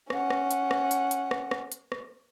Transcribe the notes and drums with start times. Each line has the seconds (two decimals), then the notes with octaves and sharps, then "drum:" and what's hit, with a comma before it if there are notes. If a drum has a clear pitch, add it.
0.10 C#4 F#5, drum: rim click
0.30 drum: rim click
0.51 drum: hi-hat
0.71 drum: rim click
0.91 drum: hi-hat
1.11 drum: hi-hat
1.31 drum: rim click
1.51 drum: rim click
1.72 drum: hi-hat
1.92 drum: rim click